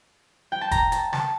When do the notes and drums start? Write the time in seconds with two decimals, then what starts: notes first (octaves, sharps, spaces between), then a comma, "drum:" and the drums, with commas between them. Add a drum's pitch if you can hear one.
0.52 G5
0.61 A5
0.71 A#5, drum: kick F1, hi-hat
0.92 A5, drum: hi-hat
1.13 A5, drum: snare